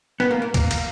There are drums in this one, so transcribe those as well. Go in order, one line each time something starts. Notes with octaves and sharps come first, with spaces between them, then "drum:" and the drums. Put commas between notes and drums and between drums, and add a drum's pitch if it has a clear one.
B3, drum: rim click
A#3
A#3
A#3, drum: kick, cymbal
drum: cymbal